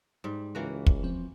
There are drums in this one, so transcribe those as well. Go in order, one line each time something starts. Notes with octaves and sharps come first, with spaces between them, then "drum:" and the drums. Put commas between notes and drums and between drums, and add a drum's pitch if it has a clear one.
G#2 G3
C#2 E3 A#3 F#4
drum: kick
F3 C4